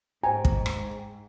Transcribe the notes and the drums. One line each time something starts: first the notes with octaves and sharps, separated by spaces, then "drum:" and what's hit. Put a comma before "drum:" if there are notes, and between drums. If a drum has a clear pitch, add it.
G#2 C5 G5 G#5 A#5
drum: kick
drum: rim click